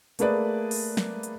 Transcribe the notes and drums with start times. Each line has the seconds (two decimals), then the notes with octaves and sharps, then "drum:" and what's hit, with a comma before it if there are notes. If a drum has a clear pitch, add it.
0.19 A3 A#3 G#4 B4 D5, drum: hi-hat
0.71 drum: open hi-hat
0.97 drum: snare
1.23 drum: hi-hat